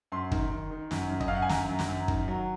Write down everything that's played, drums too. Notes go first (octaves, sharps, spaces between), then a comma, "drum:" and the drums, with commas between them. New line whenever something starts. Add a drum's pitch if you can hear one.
F#2 C6
D#3, drum: kick
D#3
D#3
F#2, drum: snare
F#2
D#5, drum: kick
F#2 F5
F#5
G#5
F#2 A#5, drum: snare
F#2
drum: snare
F#2
D#3, drum: kick
F#3